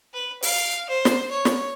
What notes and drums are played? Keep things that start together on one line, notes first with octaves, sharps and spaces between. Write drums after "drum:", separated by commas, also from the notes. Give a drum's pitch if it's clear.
B4
F5, drum: open hi-hat
C5
drum: snare
C#5
drum: snare